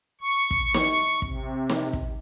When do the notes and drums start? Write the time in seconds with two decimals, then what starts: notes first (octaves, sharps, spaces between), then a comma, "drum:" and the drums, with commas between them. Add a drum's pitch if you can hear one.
0.21 C#6
0.51 drum: kick
0.74 drum: snare
1.22 C3, drum: kick
1.69 drum: snare
1.93 drum: kick